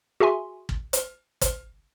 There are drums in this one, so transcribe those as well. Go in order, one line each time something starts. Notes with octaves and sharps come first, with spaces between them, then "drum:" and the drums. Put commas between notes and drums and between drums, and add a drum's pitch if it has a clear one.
F#4 G#4 E5 G#5 C6
drum: kick
drum: hi-hat
drum: kick, hi-hat